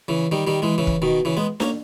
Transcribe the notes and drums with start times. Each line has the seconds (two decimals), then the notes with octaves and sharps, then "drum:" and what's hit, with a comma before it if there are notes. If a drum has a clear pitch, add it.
0.08 C#3 E3
0.32 D#3 G3
0.47 D#3 G3
0.62 E3 G#3
0.78 C#3 E3
0.87 drum: kick
1.02 B2 D#3
1.25 C#3 E3
1.37 G#3 B3
1.60 A#3 C#4, drum: snare D4